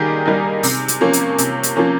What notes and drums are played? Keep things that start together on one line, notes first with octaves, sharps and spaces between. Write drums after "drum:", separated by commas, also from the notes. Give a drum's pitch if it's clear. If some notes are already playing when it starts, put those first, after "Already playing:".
Already playing: D#3 G3 A#3 D#4 G4 G#4 A#4
G3 A#3 D#4
C3, drum: open hi-hat
drum: hi-hat
F3 A#3 C#4
drum: hi-hat
C3, drum: hi-hat
drum: hi-hat
F3 A#3 C#4